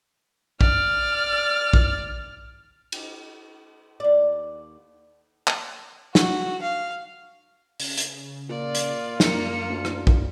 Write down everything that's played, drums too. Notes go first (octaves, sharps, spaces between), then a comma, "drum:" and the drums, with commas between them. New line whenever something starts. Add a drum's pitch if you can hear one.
D5 F6, drum: kick A#1
drum: kick A#1
drum: cymbal
D#2 D5
drum: clap
F#4, drum: snare
F5
C#3, drum: open hi-hat
drum: hi-hat
A#2 F4 D5
drum: hi-hat
F#2 A#3 C#7, drum: snare
D2
drum: rim click
drum: kick A#1